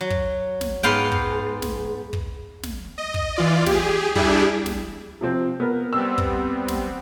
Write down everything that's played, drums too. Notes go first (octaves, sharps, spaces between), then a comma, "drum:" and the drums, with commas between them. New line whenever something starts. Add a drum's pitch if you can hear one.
F#3
drum: kick
drum: snare
G#2 B3 F5 G5
drum: kick
drum: snare
drum: kick
drum: snare
D#5
drum: kick
E3 F4 D5
G4 G#4, drum: snare
G3 D4 E4 G4 G#4, drum: kick
drum: snare
C3 F3 C4
B3 A#4
G3 B3 C4 E6
drum: kick
drum: snare